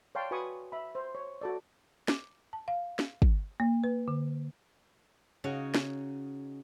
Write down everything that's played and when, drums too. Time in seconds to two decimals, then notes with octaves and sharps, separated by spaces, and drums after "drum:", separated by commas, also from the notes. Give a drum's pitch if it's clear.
0.15 C#5 D5 F5 G5 A5 C6
0.31 F#4 B4 G#5 B5 C#6 D#6
0.72 E5 B5
0.95 C5
1.15 C#5
1.41 F#4 A4 D5
2.08 D6, drum: snare
2.53 A5
2.68 F5
2.99 drum: snare
3.22 drum: kick
3.60 A#3
3.84 B4
4.08 D3
5.44 C#3 D#4 F#4 C#5
5.74 drum: snare